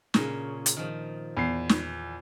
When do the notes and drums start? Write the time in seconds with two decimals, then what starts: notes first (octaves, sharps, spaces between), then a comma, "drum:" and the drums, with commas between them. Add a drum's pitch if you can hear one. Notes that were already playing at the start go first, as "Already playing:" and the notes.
0.14 A#2 C#3, drum: snare
0.66 drum: hi-hat
0.77 D#3 F3
1.37 E2 C7
1.69 drum: snare